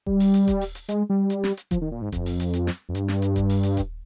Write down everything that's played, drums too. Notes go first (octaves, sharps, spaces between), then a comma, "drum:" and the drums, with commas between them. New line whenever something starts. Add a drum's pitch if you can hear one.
G3, drum: kick D#1
drum: open hi-hat
drum: hi-hat
drum: kick D#1, hi-hat
drum: open hi-hat
drum: hi-hat
G#3, drum: hi-hat
G3
drum: hi-hat
drum: snare
drum: hi-hat
F3, drum: kick D#1, hi-hat
D#3
A#2
G#2
F2, drum: kick D#1, hi-hat
drum: open hi-hat
drum: hi-hat
drum: hi-hat
drum: snare
F2
G2, drum: hi-hat
drum: snare
drum: hi-hat
drum: kick D#1, hi-hat
drum: open hi-hat
drum: hi-hat
drum: kick D#1, hi-hat